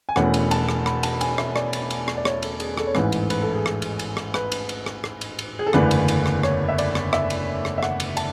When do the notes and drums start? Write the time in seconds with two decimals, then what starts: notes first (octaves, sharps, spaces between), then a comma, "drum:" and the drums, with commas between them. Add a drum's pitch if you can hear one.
0.09 G#5
0.16 E1 E2 B2 A3 C#4 F#5, drum: rim click
0.34 drum: cymbal
0.51 A5, drum: cymbal
0.69 drum: rim click
0.86 B5, drum: rim click
1.03 A5, drum: cymbal
1.21 G#5, drum: cymbal
1.38 E5, drum: rim click
1.56 D5, drum: rim click
1.73 drum: cymbal
1.90 drum: cymbal
2.08 drum: rim click
2.17 D5
2.25 C#5, drum: rim click
2.42 A4, drum: cymbal
2.60 G#4, drum: cymbal
2.77 A4, drum: rim click
2.87 C#5
2.95 A1 G#2 E3 A3 B4, drum: rim click
3.12 drum: cymbal
3.30 B4, drum: cymbal
3.42 A4
3.54 G#4
3.66 A4, drum: rim click
3.82 drum: cymbal
3.99 drum: cymbal
4.17 drum: rim click
4.34 B4, drum: rim click
4.52 drum: cymbal
4.69 drum: cymbal
4.86 drum: rim click
5.04 drum: rim click
5.21 drum: cymbal
5.39 drum: cymbal
5.59 G#4
5.66 A4
5.73 F#1 E2 D3 A3 D4 B4, drum: rim click
5.91 drum: cymbal
6.08 drum: cymbal
6.26 drum: rim click
6.43 C#5, drum: rim click
6.68 E5
6.78 D5, drum: cymbal
6.95 drum: rim click
7.13 E5, drum: rim click
7.30 drum: cymbal
7.65 drum: rim click
7.78 E5
7.83 F#5, drum: rim click
8.00 drum: cymbal
8.17 A5, drum: cymbal